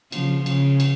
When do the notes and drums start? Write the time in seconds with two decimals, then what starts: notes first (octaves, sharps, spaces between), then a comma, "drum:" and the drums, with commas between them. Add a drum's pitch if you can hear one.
0.12 C#3 F3, drum: cymbal
0.46 C#3, drum: cymbal
0.80 drum: cymbal